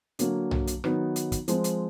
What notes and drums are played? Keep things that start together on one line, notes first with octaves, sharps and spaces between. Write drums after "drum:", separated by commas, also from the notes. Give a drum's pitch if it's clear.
D3 F#3 A#3, drum: hi-hat
drum: tom B1
drum: hi-hat
D#3 F#3 B3 D#4, drum: rim click
drum: hi-hat
drum: kick, hi-hat
F3 G#3 C4, drum: hi-hat
drum: hi-hat